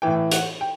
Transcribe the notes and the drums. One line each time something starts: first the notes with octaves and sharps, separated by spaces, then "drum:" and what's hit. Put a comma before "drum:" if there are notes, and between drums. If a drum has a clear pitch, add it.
A2 E3 G5
F#5, drum: hi-hat
G5